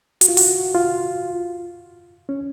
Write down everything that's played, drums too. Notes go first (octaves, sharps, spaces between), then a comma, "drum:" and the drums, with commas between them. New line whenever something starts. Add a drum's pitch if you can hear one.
F#4, drum: hi-hat
F4
F#4, drum: open hi-hat
F4
C#4